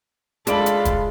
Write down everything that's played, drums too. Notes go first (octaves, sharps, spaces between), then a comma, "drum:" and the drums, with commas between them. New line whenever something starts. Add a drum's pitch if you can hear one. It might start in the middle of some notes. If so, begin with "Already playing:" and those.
G#3 D4 F4 A4 B5 D7 F#7, drum: hi-hat
drum: hi-hat
drum: kick, hi-hat